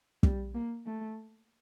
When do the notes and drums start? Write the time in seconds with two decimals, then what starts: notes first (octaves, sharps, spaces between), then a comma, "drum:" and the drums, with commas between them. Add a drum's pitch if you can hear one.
0.23 G3, drum: kick
0.54 A#3
0.86 A3